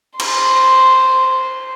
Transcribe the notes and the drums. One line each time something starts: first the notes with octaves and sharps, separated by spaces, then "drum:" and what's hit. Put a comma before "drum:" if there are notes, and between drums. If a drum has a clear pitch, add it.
C5 C6, drum: cymbal